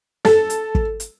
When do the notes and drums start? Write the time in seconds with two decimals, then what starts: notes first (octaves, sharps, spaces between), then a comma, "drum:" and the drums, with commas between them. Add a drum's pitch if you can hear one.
0.25 A4, drum: snare
0.50 drum: hi-hat
0.75 drum: kick
1.00 drum: hi-hat